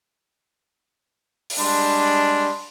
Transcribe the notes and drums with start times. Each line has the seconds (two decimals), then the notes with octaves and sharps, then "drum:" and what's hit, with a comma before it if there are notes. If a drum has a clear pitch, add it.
1.50 drum: open hi-hat
1.59 G3 G#3 D4 C6